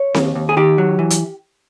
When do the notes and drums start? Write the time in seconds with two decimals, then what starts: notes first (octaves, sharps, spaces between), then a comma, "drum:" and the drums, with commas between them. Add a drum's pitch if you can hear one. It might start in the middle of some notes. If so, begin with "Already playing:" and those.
Already playing: C#5
0.14 D#2, drum: snare C4
0.35 D#2
0.49 G#4
0.57 D#3 G4
0.78 F#3
0.99 E3
1.10 drum: hi-hat